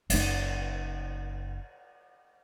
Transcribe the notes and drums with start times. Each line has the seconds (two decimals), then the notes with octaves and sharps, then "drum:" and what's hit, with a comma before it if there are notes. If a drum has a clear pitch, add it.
0.10 F#1 D#4, drum: cymbal